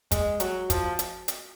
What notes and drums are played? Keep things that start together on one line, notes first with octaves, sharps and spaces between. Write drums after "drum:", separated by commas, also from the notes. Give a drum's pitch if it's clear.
G#3, drum: kick, hi-hat
F#3, drum: hi-hat
F3, drum: kick, hi-hat
drum: hi-hat
drum: hi-hat